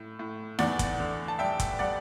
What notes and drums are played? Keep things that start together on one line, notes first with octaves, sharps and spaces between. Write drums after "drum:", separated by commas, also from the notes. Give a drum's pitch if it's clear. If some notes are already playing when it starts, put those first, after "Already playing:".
Already playing: A2
A2
E2 D5 F#5, drum: snare D#4
drum: kick, hi-hat
D3
A5
G3 E5 G5
drum: kick, hi-hat
G3 D5 F#5